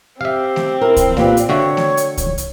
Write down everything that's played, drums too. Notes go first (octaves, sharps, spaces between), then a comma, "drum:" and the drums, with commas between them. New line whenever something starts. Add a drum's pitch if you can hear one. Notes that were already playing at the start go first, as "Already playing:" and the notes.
C4 G4 E5 F5
drum: snare A3
E4 A#4
drum: kick C2, hi-hat
A#2 G4 B4 D5, drum: snare A3
drum: hi-hat
D3 F#4 C#5 E5 G5
drum: snare A3
drum: hi-hat
drum: kick C2, hi-hat
drum: hi-hat